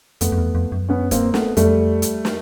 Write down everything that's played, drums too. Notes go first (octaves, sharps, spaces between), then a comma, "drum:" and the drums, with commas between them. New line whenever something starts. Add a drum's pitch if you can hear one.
F2 A3 B3, drum: hi-hat
F2
E2
F2
F#2
B3 C#4
A#3 C4, drum: kick, hi-hat
A3 B3, drum: snare
F2 G3 A3, drum: hi-hat
drum: hi-hat
drum: snare